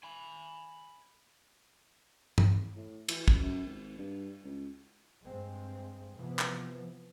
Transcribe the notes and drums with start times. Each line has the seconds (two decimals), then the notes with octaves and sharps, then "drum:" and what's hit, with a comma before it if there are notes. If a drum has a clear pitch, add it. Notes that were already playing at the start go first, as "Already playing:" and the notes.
0.03 G#5 B5
2.38 C2, drum: tom G2
2.76 A2
3.09 E3, drum: cymbal
3.28 C#2, drum: kick
3.40 F#2
3.66 G#1
3.98 G2
4.44 C#2
5.25 G2 G#3 C4
6.17 C3 E3 F3 B3
6.39 drum: clap